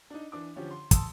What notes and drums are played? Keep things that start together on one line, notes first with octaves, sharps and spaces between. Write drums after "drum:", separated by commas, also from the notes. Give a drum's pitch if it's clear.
D4 D#4
E3 D4 D6
D3 F3 C#4 G4
C6
A5 C6 D#6 E6, drum: kick, hi-hat